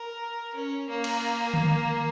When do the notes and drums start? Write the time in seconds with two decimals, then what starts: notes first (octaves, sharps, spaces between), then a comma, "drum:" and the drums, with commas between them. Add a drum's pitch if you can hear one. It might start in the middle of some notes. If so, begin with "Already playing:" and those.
Already playing: A#4
0.54 C#4
0.89 A#3
1.04 drum: cymbal
1.54 drum: tom D3